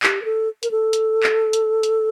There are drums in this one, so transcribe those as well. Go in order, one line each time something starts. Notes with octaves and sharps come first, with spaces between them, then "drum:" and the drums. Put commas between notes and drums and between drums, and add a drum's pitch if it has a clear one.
G4, drum: clap
A#4
A4
A#4, drum: hi-hat
A4
drum: hi-hat
drum: clap
drum: hi-hat
drum: hi-hat